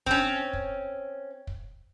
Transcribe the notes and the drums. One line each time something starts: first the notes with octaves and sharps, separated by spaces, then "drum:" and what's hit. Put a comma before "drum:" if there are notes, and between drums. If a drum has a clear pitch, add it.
C4 C#4, drum: kick
drum: kick
drum: kick